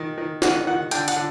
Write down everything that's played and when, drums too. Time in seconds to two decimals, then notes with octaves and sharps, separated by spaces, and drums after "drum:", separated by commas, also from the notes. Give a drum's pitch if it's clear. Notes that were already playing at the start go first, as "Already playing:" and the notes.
Already playing: D#3
0.17 D#3
0.42 D#3 F#5, drum: snare
0.67 D#3 F#5
0.91 D3 G5, drum: hi-hat
1.08 F#5, drum: hi-hat
1.16 D3